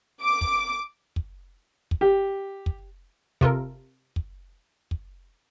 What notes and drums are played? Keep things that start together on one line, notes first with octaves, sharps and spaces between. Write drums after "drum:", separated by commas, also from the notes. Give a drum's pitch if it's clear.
D6
drum: kick
drum: kick
drum: kick
G4
drum: kick
C3 F4 A4 A#4, drum: kick
drum: kick
drum: kick